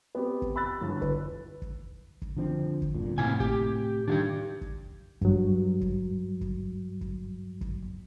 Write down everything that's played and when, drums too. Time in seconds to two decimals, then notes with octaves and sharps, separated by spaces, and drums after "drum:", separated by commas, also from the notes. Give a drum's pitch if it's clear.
0.15 B3 C4 G4
0.42 drum: kick
0.56 B5 E6 F#6 A6
0.81 G1 E3
1.02 B4, drum: kick
1.62 drum: kick
2.22 drum: kick
2.37 D3 F3 C4
2.82 drum: kick
2.95 G1 F2 A#2
3.18 A2 C3 A#3 C4 E4 G#5
3.40 G4, drum: kick
4.08 D#3 G3 D4 F#4 G4
4.61 drum: kick
5.21 G2 F#3, drum: kick
5.81 drum: kick
6.41 drum: kick
7.01 drum: kick
7.61 drum: kick